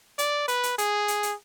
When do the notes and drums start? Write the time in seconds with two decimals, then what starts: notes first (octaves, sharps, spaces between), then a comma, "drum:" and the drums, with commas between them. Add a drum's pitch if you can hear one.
0.18 D5, drum: hi-hat
0.48 B4, drum: hi-hat
0.63 drum: hi-hat
0.78 G#4, drum: hi-hat
1.08 drum: hi-hat
1.23 drum: hi-hat